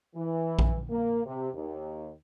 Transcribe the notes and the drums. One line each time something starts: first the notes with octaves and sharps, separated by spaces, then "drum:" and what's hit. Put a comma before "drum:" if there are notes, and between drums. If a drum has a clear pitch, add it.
E3
drum: kick A#1
A#3
C3
D#2